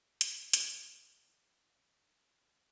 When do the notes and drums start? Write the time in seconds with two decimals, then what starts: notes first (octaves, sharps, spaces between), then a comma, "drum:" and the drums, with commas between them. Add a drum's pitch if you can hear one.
0.21 G4 C#5, drum: hi-hat
0.53 drum: hi-hat